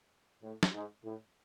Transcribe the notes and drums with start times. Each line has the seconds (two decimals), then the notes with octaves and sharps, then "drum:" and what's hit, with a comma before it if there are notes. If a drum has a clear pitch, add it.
0.43 A2
0.63 drum: snare
0.73 G#2
1.05 A2